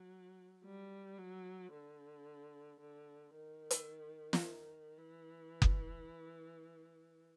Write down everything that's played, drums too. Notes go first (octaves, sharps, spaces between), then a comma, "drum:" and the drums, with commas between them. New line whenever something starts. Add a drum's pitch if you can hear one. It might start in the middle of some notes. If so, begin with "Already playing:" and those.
Already playing: F#3
G3
F#3
D3
D3
D#3
drum: hi-hat
drum: snare
D#3
E3
drum: kick F#1